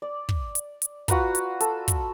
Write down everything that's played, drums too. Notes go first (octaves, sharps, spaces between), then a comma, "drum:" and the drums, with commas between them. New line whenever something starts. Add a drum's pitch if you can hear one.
D5
drum: kick
drum: hi-hat
drum: hi-hat
F4 F#4 B4 A#5, drum: kick, hi-hat
drum: hi-hat
A4, drum: hi-hat
drum: kick, hi-hat